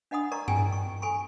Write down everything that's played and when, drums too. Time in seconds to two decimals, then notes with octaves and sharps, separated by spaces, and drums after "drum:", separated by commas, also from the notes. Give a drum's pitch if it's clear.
0.11 D4 D#5 F#5 B5 D#6
0.31 A#4 D5 D#5 A#5 C#6
0.48 G5 G#5, drum: tom G2
0.72 C#6
1.02 A4 G#5 B5 C#6